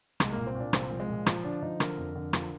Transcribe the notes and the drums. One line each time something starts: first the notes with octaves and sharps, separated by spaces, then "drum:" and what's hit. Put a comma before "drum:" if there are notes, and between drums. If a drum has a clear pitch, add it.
C2 G#3, drum: rim click
A#3
A#2
C4
A#2 D4
C2 C4, drum: rim click
F3
G#3
A#2
F3, drum: rim click
D3 D4
F3 D#4
D3 A#4, drum: rim click
F2
D3
F3, drum: rim click